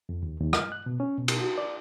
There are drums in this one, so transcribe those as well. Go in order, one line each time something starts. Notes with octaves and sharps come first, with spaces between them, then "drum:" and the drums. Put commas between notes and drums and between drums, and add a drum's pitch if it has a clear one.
F2
D#2
D#2
F6, drum: rim click
F#6
B2
C#4
B2
drum: cymbal
F#4
D5